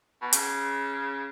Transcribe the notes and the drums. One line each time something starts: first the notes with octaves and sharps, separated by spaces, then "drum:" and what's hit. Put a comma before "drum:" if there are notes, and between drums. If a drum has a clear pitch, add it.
B2
C#3, drum: hi-hat